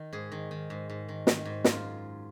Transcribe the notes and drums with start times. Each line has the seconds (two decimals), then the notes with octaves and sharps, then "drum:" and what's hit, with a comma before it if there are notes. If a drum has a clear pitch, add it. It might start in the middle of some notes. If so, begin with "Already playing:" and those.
Already playing: D#3
0.13 G#2 G#4
0.32 D#3
0.51 D#3
0.70 G#2
0.89 G#2
1.08 D#3
1.27 D#3, drum: snare
1.45 G#2
1.64 F#2 F4, drum: snare